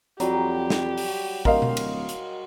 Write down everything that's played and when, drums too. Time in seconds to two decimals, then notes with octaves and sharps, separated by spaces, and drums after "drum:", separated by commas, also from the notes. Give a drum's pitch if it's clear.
0.20 F2 F#3 G3 G4, drum: hi-hat
0.70 drum: snare
0.97 drum: open hi-hat
1.45 D1 A#4 D#5 F5 C6, drum: kick
1.62 drum: tom B2
1.77 drum: cymbal
2.09 drum: hi-hat